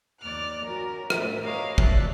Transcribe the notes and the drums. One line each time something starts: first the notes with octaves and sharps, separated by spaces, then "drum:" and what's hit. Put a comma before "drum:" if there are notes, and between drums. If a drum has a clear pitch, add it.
D#2 D5 D6 F6 F#6
C#4 F#4 A#4
A2 E5, drum: rim click
G4 A#4 B4 C#5 D#5 F5
D5 E5 A5 F#6, drum: kick